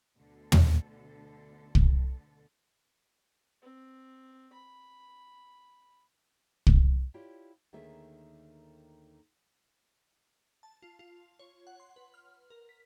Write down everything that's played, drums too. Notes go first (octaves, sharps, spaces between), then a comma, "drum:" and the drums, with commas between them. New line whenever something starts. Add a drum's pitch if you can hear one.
D2 B2 D3 A4
drum: tom
drum: kick
C4
B5
drum: kick
E4 F4 G4 C#5 D5
D#2 D3 D#3 A3 G#4 E5
A5
F4
F4
C#5
F#5
C6
B4
F6
A#4
B6